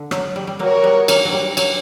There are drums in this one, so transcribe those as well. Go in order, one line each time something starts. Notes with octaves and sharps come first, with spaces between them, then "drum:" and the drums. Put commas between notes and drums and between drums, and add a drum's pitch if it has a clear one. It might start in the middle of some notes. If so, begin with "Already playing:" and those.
Already playing: D3
F#3, drum: rim click
G3
G3
F#3 A#3 F#4 A#4 C#5
G3 B3
F#3 A#3, drum: cymbal
F#3
G3
F#3, drum: cymbal